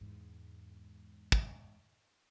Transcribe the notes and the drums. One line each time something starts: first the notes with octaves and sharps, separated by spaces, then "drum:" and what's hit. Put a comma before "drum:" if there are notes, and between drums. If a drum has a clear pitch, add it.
E2 G#2
drum: kick